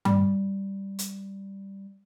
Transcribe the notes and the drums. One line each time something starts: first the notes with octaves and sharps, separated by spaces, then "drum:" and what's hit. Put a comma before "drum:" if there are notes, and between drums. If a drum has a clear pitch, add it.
G3, drum: tom G2
drum: hi-hat